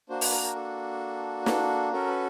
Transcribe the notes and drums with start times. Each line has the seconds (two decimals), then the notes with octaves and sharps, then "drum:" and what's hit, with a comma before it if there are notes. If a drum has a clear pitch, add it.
0.09 A#3 D4 F#4 C5
0.21 B4, drum: open hi-hat
0.32 A#4
0.43 A#4
0.55 A4
1.46 A4, drum: snare
1.92 C#4 F#4 A4 A#4
2.08 B4